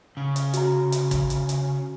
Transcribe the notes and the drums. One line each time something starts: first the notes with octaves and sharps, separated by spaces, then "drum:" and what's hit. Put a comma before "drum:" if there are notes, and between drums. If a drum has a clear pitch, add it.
C#3
drum: hi-hat
F#4 A#5, drum: hi-hat
drum: hi-hat
drum: kick, hi-hat
drum: hi-hat
drum: hi-hat